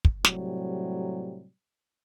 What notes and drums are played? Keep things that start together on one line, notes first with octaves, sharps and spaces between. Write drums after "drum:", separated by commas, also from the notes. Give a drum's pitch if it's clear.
drum: kick
A2 C3 F#3 G3, drum: snare